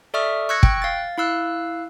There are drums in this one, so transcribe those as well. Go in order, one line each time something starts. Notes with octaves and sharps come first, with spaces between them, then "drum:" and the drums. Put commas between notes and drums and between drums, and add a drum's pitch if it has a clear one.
A4 D5 E5 C#6 D#6 F6
C#6 E6 F#6 G#6 A#6 C#7
G5 F#6, drum: kick
F5 A6
E4 F5 E6 F#6